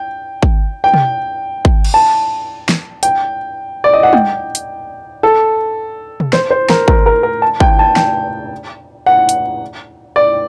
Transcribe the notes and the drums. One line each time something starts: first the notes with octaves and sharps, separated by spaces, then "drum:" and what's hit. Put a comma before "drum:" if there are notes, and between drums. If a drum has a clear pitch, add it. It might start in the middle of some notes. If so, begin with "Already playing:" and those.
Already playing: G5
drum: kick
G5
drum: tom
drum: kick
drum: cymbal
A5
drum: snare
G5, drum: hi-hat
D5
D#5
F#5
G5, drum: tom
drum: hi-hat
A4
drum: tom
C5, drum: snare
C5
A#4, drum: snare
A#4, drum: kick
A#4
A#4
A5
G5, drum: kick
A5
G5, drum: snare
F#5
drum: hi-hat
D5